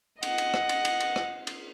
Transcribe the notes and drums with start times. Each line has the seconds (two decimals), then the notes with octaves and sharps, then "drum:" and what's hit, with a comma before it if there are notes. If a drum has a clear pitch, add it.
0.23 D#5 F#5, drum: cymbal
0.38 drum: cymbal
0.54 drum: rim click
0.69 drum: cymbal
0.85 drum: cymbal
1.00 drum: cymbal
1.16 drum: rim click
1.47 drum: cymbal